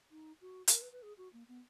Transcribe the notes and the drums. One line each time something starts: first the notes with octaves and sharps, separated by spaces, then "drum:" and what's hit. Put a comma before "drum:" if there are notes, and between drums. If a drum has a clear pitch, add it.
D#4
F#4
G#4, drum: hi-hat
A#4
B4
B4
G#4
F#4
A#3
B3